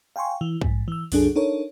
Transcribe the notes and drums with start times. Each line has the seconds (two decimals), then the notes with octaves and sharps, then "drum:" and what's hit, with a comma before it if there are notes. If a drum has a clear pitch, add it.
0.16 F5 G5 G#5 C6 C#6
0.41 E3
0.61 G#2, drum: kick
0.88 E3 E6
1.12 C2 F#2 F#3 D4 G#4 A4, drum: open hi-hat
1.35 D4 D#4 A4 A#4 C#5